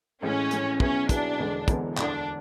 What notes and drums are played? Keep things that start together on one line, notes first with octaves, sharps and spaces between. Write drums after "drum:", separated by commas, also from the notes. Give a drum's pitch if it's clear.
A1 A2 G#3 C#4
A1 A2 G#3, drum: hi-hat
B2 F#3 B3 C#4 E4 G#4, drum: kick
B2 F#3 B3 D4 E4 G#4, drum: kick, hi-hat
E1 E2 D3 G#3 B3
E1 E2 D3 G#3 B3, drum: kick, hi-hat
E1 D2 D3 D4, drum: clap